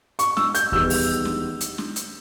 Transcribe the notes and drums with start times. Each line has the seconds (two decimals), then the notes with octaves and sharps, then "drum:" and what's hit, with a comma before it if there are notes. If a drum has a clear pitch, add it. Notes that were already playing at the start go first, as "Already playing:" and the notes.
0.19 C#6, drum: hi-hat
0.37 E6, drum: snare
0.55 G6, drum: hi-hat
0.72 E2 D#3 G3 E6, drum: kick D#2
0.90 drum: open hi-hat
1.25 drum: snare
1.61 drum: hi-hat
1.78 drum: snare
1.96 drum: hi-hat